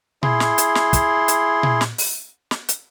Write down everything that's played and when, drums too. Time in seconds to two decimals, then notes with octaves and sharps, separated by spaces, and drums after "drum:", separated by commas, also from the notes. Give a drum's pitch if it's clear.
0.23 E4 G#4 C6, drum: tom A#2
0.40 drum: snare
0.58 drum: hi-hat
0.75 drum: snare
0.93 drum: kick, hi-hat
1.28 drum: hi-hat
1.63 drum: tom A#2
1.81 drum: snare
1.98 drum: open hi-hat
2.51 drum: snare
2.69 drum: hi-hat